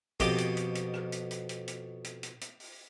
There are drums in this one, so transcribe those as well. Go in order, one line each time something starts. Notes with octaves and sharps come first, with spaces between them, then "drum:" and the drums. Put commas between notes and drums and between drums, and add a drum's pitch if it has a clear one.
F2 B2 G4 D#5 D6, drum: kick, hi-hat
drum: hi-hat
drum: hi-hat
drum: hi-hat
drum: rim click
drum: hi-hat
drum: hi-hat
drum: hi-hat
drum: hi-hat
drum: hi-hat
drum: hi-hat
drum: hi-hat
drum: open hi-hat